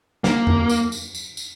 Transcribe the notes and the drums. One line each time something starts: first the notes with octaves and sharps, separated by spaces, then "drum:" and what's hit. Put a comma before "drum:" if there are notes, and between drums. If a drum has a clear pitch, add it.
A#3, drum: snare
drum: tom F2
drum: tambourine
drum: tambourine
drum: tambourine
drum: tambourine